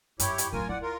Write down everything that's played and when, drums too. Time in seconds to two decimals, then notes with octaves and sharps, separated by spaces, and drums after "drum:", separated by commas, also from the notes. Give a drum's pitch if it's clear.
0.19 F#2 E4 G4 C#5, drum: hi-hat
0.38 drum: hi-hat
0.53 D1 C#4 F4 A#4 G#5
0.69 E4 D5 F#5
0.82 F4 A#4